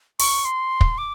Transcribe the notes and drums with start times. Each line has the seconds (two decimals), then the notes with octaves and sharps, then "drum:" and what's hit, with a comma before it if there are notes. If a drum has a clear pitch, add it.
0.20 C#6, drum: open hi-hat
0.45 C6
0.81 drum: kick
0.98 D6